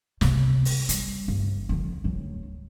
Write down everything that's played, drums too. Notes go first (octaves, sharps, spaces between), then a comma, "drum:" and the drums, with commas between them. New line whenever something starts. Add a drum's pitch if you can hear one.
C3 B3, drum: snare
drum: open hi-hat
G3, drum: hi-hat
G1
D3 F3
D1 F#3